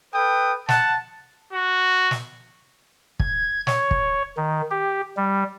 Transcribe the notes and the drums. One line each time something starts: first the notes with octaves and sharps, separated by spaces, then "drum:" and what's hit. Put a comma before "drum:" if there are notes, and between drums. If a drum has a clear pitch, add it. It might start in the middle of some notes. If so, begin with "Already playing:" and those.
A4 B4 G5 D#6
F#5 A5, drum: snare
F#4
drum: snare
G#6, drum: kick
C#5, drum: snare
drum: kick
D#3
G4
G3